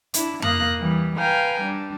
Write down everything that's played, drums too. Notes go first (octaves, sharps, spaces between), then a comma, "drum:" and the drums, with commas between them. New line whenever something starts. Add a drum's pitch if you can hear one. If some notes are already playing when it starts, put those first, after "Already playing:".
D4 E4, drum: hi-hat
A#3 F5 D#6 F#6 A#6, drum: tom F2
E3 G3
B4 F5 G5 G#5 A#5
G3 D4